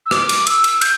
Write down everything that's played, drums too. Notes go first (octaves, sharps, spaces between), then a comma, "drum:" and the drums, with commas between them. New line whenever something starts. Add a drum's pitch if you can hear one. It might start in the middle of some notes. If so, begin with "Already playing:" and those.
E6
D6, drum: rim click
drum: cymbal
E6, drum: cymbal
drum: cymbal
G6, drum: cymbal